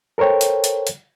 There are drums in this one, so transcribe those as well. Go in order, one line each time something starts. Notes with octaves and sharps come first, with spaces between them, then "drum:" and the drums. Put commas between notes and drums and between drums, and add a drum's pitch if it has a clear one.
A4 A#4 C5 C#5 G5
drum: hi-hat
drum: hi-hat
drum: hi-hat